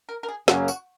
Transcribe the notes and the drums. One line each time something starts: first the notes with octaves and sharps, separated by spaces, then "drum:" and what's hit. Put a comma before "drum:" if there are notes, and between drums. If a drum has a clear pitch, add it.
A#4
A#4
G#4
F#2 C#3 F#3 A#3 C#4 F#4, drum: snare
F#4, drum: tambourine